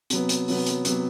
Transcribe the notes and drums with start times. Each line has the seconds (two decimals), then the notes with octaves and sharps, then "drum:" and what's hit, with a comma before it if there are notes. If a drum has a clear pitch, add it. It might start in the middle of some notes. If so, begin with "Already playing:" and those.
0.10 C3 F#3 B3, drum: hi-hat
0.29 drum: hi-hat
0.48 C3 F#3 B3, drum: open hi-hat
0.66 drum: hi-hat
0.85 C3 F#3 B3, drum: hi-hat